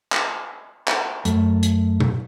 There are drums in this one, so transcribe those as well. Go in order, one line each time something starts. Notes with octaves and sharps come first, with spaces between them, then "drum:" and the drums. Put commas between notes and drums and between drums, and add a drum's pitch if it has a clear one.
drum: clap
drum: clap
F#2 A3, drum: hi-hat
drum: hi-hat
drum: tom B2